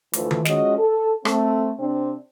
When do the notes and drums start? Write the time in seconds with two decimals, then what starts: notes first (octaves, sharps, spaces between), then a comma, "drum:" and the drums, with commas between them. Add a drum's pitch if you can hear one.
0.13 D2 E3 F3 A3, drum: hi-hat
0.31 drum: tom D#3
0.45 F3 G#3 C#4 F#4 D#5, drum: snare
0.78 A4
1.25 A3 C4, drum: rim click
1.79 C3 C4 D4